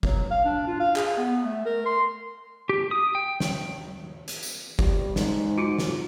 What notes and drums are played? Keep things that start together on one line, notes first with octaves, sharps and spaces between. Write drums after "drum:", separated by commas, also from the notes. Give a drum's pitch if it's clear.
F#3, drum: kick
F5
D4
F4
F5
G#4, drum: clap
B3
A3
A#4
C6
G4
D#6
G5
drum: snare
drum: hi-hat
drum: tambourine
G3, drum: kick
G#2, drum: snare
D#4 F4 F#4
drum: snare